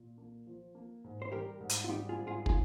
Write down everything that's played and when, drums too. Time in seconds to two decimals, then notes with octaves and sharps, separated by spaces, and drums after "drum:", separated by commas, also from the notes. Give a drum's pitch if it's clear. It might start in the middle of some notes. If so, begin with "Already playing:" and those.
Already playing: A#2
0.18 A#3
0.47 F3
0.75 A#3
1.04 G#2
1.22 C5
1.32 G3 G4 A#4
1.60 G#2
1.69 drum: hi-hat
1.84 F4
1.89 G3 D#4 G4
2.09 F4 G#4
2.19 G#2
2.27 F4 G#4
2.46 D#4 F4 G#4, drum: kick